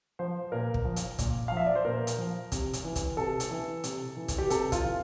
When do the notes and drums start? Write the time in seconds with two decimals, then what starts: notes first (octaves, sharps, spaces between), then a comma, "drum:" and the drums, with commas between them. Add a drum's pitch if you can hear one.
0.19 F3 C5
0.52 A#2 A#4
0.74 drum: kick
0.85 F3
0.96 drum: hi-hat
1.19 A#2, drum: kick, hi-hat
1.48 F3 F5
1.57 E5
1.66 D5
1.75 C5
1.85 A#2 A#4
2.07 drum: hi-hat
2.18 F3
2.52 C3, drum: kick, hi-hat
2.73 drum: hi-hat
2.84 E3
2.96 drum: kick, hi-hat
3.17 C3 A4
3.40 drum: hi-hat
3.51 E3
3.84 C3, drum: hi-hat
4.17 E3
4.28 drum: kick, hi-hat
4.38 G4
4.50 C3 A4, drum: hi-hat
4.72 F4, drum: kick, hi-hat
4.83 E3